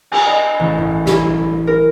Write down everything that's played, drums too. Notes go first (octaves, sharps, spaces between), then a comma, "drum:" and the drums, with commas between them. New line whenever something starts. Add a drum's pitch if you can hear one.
G#5, drum: cymbal
D#5
A1
A2
E4, drum: snare
A#4